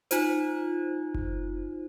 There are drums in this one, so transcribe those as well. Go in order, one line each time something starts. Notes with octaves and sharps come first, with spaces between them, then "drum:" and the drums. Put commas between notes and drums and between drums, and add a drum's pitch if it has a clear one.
D#4 F4 C5, drum: hi-hat
drum: kick F#1